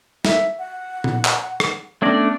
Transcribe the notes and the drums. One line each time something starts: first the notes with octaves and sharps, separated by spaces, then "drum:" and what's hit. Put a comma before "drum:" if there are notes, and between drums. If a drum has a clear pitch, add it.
E5, drum: snare
F#5
drum: tom A#2
drum: clap
drum: rim click
A3 B3 C#4 D4 A4 D5